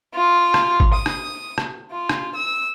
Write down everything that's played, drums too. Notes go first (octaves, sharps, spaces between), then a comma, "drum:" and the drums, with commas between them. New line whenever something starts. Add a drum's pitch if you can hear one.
F4
drum: rim click
drum: kick
D#6
drum: rim click
drum: rim click
F4
drum: rim click
E6